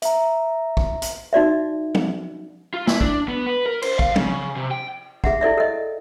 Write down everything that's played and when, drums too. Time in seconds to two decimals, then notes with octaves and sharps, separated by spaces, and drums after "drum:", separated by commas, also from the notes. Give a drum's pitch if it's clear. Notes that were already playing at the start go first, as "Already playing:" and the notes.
0.02 E5 A#5, drum: hi-hat
0.77 drum: kick
1.02 drum: hi-hat
1.33 D#4 F#4 D5 E5
1.95 drum: tom F3
2.74 F4
2.87 E4, drum: snare
3.01 D4, drum: kick
3.28 B3
3.46 B4
3.66 A#4
3.82 C5, drum: cymbal
3.99 F5, drum: kick
4.16 C#3, drum: tom F3
4.56 C3
4.71 G5
5.24 G#4 E5 F#5, drum: kick
5.41 E4 A4 D5 E5
5.58 A4 D#5